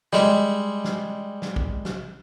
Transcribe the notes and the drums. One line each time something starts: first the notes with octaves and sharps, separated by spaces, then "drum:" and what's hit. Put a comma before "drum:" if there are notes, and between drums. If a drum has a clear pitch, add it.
G3 G#3, drum: snare
drum: snare
drum: snare
drum: kick A#1
drum: snare